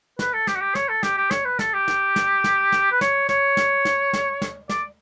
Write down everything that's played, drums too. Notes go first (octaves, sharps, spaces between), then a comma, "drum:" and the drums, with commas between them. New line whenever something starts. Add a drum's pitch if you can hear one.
B4, drum: snare
A4
G4, drum: snare
F#4
G4
C#5, drum: snare
A4
G4, drum: snare
G4
C#5, drum: snare
B4
A4, drum: snare
G4
drum: snare
drum: snare
drum: snare
drum: snare
B4
C#5, drum: snare
C#5, drum: snare
drum: snare
drum: snare
drum: snare
drum: snare
D5, drum: snare